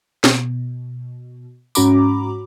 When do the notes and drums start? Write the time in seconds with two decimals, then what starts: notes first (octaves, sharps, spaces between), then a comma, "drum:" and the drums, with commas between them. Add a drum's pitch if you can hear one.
0.24 B2, drum: snare
1.75 G#2 C#4 F#4 A#5 B5 D6, drum: tambourine